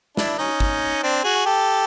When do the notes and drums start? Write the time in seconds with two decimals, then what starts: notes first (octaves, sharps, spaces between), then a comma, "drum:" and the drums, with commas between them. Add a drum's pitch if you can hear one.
0.17 D4 E4, drum: snare
0.38 C#4 D#4
0.60 drum: kick
1.03 C4 D4
1.24 F#4 G#4
1.46 G4 A4